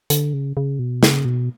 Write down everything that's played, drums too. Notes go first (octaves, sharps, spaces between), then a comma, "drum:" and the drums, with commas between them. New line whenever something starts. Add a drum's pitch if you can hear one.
D3, drum: hi-hat
C#3
C#3
B2
C#3, drum: snare
B2